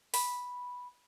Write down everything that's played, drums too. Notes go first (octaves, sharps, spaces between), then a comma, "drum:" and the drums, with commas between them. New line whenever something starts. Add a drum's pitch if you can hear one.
B5, drum: open hi-hat